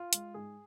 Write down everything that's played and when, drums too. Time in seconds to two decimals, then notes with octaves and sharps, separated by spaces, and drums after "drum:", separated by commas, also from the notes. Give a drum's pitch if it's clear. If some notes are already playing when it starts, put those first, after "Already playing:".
Already playing: F4
0.13 G#3, drum: hi-hat
0.34 G#2 G#4